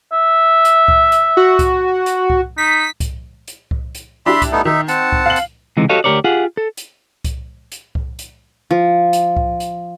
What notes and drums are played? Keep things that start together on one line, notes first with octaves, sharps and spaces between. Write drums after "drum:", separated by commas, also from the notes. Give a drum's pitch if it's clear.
E5
drum: hi-hat
drum: kick C2
drum: hi-hat
F#4
drum: kick C2, hi-hat
drum: hi-hat
drum: kick C2
D#4 B6
drum: kick C2, hi-hat
drum: hi-hat
drum: kick C2
drum: hi-hat
D4 E4 G4 E5 B5 C6
drum: kick C2, hi-hat
A3 B3 D#4
D#3 D#4 E5
C4 F#5 A5, drum: hi-hat
drum: kick C2
F5 F#7
drum: hi-hat
C#2 C3 E3 G#3 D#4
F#4 G4 A4 C#5 D#5 F5
D2 B2 G4 A#4 C#5 D5
F4 G4 G#4 F5 F#5
A4
drum: hi-hat
drum: kick C2, hi-hat
drum: hi-hat
drum: kick C2
drum: hi-hat
F3
drum: hi-hat
drum: kick C2
drum: hi-hat